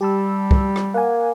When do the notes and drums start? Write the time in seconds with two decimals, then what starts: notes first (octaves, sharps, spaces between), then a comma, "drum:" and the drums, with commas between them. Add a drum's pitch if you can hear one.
0.01 G3 G4 A5 E6
0.51 drum: kick
0.76 drum: rim click
0.94 A#3 F#5 G#5